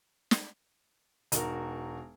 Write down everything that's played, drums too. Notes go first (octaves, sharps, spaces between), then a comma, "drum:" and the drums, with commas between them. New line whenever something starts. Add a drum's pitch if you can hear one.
drum: snare
E1 D#4 F#4 A#4, drum: hi-hat